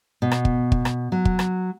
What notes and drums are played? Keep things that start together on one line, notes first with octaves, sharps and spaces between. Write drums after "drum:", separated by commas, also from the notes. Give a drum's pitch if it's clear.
B2
drum: rim click
drum: kick
drum: kick
drum: rim click
F#3
drum: kick
drum: rim click